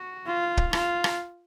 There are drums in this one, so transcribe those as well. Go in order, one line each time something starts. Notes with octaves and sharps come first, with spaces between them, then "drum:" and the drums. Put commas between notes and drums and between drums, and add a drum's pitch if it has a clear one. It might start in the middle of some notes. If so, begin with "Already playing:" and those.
Already playing: F#4
F4
drum: kick
F4, drum: rim click
drum: rim click